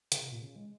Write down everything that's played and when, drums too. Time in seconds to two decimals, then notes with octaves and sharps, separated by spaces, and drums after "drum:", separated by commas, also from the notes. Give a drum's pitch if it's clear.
0.12 C#3, drum: hi-hat
0.21 C3
0.31 A#2
0.42 C#3
0.56 G#3